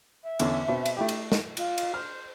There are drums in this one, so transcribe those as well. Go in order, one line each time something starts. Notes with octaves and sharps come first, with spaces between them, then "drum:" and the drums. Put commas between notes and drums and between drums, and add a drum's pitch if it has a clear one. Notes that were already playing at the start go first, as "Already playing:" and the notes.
E5
E2 D3 C#4, drum: cymbal
B2 C4
drum: cymbal
A3 E4 G4
drum: cymbal
drum: snare
F4, drum: cymbal
drum: cymbal
C5 F6